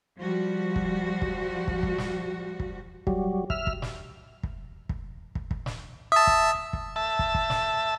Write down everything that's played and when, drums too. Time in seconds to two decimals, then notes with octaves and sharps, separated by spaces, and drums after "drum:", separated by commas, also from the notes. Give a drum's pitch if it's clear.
0.18 F3 G3 F#4
0.76 drum: kick
1.22 drum: kick
1.68 drum: kick
1.83 drum: kick
1.98 drum: snare
2.60 drum: kick
3.07 F#3 G3, drum: kick
3.50 E5 F6, drum: kick
3.67 drum: kick
3.82 drum: snare
4.43 drum: kick
4.89 drum: kick
5.35 drum: kick
5.51 drum: kick
5.66 drum: snare
6.12 E5 A5 D#6
6.27 drum: kick
6.73 drum: kick
6.96 E5 A5
7.19 drum: kick
7.35 drum: kick
7.50 drum: snare